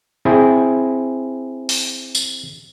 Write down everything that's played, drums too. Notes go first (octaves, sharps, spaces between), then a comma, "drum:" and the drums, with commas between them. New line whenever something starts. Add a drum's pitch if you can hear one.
C4 E4 G#4
drum: open hi-hat
drum: tambourine